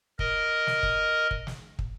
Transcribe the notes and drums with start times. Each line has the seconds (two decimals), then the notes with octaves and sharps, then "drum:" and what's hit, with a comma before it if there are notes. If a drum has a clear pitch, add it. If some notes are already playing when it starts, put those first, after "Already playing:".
0.19 A#4 D#5, drum: kick
0.67 drum: snare
0.83 drum: kick
1.31 drum: kick
1.47 drum: snare
1.79 drum: kick